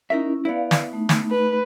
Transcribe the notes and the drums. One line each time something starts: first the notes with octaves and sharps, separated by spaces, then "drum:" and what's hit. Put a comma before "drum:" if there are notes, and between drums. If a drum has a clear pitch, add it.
C#4 D#4 E4 A#4 E5
B3 E4 B4 D5 F5
drum: snare
A3 D#4
drum: snare
B4